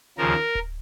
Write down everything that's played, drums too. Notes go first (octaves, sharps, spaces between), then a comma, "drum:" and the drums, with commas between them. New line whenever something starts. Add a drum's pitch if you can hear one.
D#2 C#3 F3 A#4
drum: kick D1